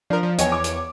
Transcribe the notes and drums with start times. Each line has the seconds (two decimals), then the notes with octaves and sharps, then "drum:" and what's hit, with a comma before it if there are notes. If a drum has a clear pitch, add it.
0.10 F3 D4 A#4
0.23 F3
0.38 E2 C#5 D#5 G5 G#5, drum: hi-hat
0.52 D6
0.64 drum: hi-hat